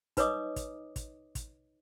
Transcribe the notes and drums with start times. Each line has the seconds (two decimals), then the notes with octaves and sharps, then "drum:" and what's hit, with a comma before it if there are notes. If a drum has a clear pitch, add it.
0.17 D#4 B4 C#5 D#5 D6 D#6, drum: kick, hi-hat
0.56 drum: kick, hi-hat
0.96 drum: kick, hi-hat
1.35 drum: kick, hi-hat